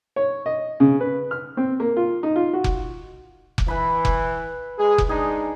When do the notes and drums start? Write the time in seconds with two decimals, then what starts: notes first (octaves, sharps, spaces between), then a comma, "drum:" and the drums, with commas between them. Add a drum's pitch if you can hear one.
0.16 C#5
0.46 D#5
0.80 C#3
1.00 B4
1.31 F6
1.57 C4
1.80 A#3
1.97 F4
2.23 D#4
2.36 F4
2.53 F#4
2.64 drum: kick F1
3.58 drum: kick F1
3.68 E3 B4 B5
4.05 drum: kick F1
4.79 G#3 G#4
4.98 drum: kick F1
5.09 G#3 D4 D#4 G#4